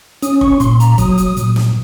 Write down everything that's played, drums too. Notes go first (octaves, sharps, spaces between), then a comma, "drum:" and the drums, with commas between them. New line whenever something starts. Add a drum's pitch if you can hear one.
C#4 D#6, drum: hi-hat
C#6, drum: kick
A#2 C6, drum: hi-hat
A#5, drum: hi-hat
F#3 D#6, drum: kick, hi-hat
drum: hi-hat
A#2, drum: hi-hat
drum: snare